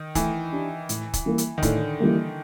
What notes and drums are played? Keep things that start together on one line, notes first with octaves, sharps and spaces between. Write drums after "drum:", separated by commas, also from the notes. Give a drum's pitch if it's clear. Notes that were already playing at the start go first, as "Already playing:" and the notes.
Already playing: D#3
E3 A3, drum: kick, hi-hat
D4 G4
A2, drum: hi-hat
drum: kick, hi-hat
E3 G3 A#3
drum: hi-hat
D#3
A2 D3, drum: kick, hi-hat
E3 G3 A#3